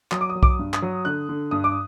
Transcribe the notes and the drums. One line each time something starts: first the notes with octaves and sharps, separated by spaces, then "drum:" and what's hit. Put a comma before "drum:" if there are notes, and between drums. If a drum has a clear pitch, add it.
F#3 D#6, drum: clap
D6
D#6
F#3
D6, drum: kick B1
G2
D#6, drum: clap
F#3
D3 F#6
D3
G2 D#6
D6